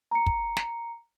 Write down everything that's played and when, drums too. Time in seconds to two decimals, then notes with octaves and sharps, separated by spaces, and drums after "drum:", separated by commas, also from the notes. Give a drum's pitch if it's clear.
0.11 A#5 C#7
0.26 drum: kick
0.57 drum: snare